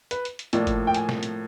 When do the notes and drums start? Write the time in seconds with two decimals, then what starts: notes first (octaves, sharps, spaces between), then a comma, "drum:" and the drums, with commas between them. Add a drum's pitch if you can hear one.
0.11 B4, drum: hi-hat
0.25 drum: hi-hat
0.39 drum: hi-hat
0.53 A2 F3 A#3 D5, drum: hi-hat
0.67 drum: kick G1, hi-hat
0.87 G5
0.94 G#5, drum: hi-hat
1.09 drum: snare
1.23 drum: hi-hat